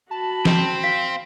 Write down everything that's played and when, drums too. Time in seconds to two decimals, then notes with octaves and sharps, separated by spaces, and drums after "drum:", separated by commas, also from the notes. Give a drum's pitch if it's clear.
0.11 F#4 A5 B5
0.45 C4, drum: snare F3
0.84 F5 B6